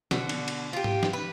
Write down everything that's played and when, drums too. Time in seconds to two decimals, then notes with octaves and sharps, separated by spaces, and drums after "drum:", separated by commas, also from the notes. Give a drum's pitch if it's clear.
0.11 B2 D3 F#4, drum: snare
0.29 drum: cymbal
0.48 drum: cymbal
0.73 F4 G4
0.84 drum: tom G#2
1.03 drum: snare
1.13 B4